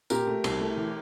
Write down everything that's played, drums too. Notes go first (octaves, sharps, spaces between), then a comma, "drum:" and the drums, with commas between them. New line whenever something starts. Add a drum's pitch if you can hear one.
A#2 G4 A#4, drum: tambourine
A3
C2, drum: cymbal
A3
E3